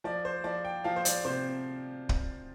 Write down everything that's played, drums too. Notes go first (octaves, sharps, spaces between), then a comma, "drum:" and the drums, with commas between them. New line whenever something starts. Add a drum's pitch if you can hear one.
F3 D5
C5
F3 D5
G5
F3 F5
C5
D5, drum: hi-hat
C3 C5
drum: kick